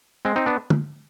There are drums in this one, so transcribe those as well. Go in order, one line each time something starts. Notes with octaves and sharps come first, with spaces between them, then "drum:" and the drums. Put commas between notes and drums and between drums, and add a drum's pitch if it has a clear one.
G#3 C4
C4 D#4
B3 D4
drum: tom